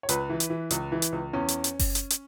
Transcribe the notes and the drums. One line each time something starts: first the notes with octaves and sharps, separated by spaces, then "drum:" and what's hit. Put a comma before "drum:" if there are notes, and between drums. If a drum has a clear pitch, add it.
C#5
C#2 B4, drum: hi-hat
E3
drum: hi-hat
E3
C#2, drum: hi-hat
E3
drum: hi-hat
C#2
E2 C#4
drum: hi-hat
drum: hi-hat
drum: kick F#1, open hi-hat
drum: hi-hat
drum: hi-hat